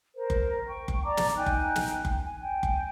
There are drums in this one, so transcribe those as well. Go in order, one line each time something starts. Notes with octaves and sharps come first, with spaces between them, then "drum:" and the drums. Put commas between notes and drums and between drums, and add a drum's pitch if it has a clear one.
A#4 C5
drum: kick F#1
G5 C#6
drum: kick F#1
D5 A5 A#5 D6
drum: snare
D#4 G5 G#5 F#6
drum: kick F#1
drum: snare
drum: kick F#1
G#5
G5 G#5
drum: kick F#1